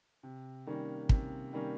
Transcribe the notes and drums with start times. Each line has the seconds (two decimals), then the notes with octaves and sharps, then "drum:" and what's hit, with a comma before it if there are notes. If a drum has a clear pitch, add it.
0.23 C3
0.67 D#3 G3 A#3 C#4
1.09 C3, drum: kick
1.53 D#3 G3 A#3 C#4